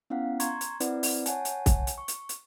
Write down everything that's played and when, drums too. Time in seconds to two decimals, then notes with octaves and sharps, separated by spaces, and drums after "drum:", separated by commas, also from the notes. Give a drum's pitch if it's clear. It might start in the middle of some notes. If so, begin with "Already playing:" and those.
0.10 B3 C#4 E4 F5 F#5
0.40 A#5 C6 C#6 G#6, drum: hi-hat
0.61 drum: hi-hat
0.80 C4 E4 B4 D5 F#5, drum: hi-hat
1.03 drum: open hi-hat
1.26 C#5 F#5 G#5 A5, drum: hi-hat
1.45 drum: hi-hat
1.66 drum: kick, hi-hat
1.87 drum: hi-hat
1.98 C#6
2.08 drum: hi-hat
2.29 drum: hi-hat